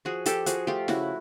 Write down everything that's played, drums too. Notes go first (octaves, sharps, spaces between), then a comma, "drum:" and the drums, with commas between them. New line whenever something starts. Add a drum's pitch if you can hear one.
F3 F#4 G#4
F3 G4 A4, drum: hi-hat
F3 F#4 G#4, drum: hi-hat
A3 F4 G4
C#3 E4 F#4, drum: snare